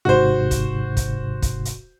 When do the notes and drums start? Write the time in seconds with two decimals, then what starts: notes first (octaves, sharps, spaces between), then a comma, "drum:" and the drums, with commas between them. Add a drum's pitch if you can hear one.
0.05 G#1 G#2 C3 F#4 C5
0.51 drum: kick, hi-hat
0.97 drum: kick, hi-hat
1.42 drum: kick, hi-hat
1.65 drum: hi-hat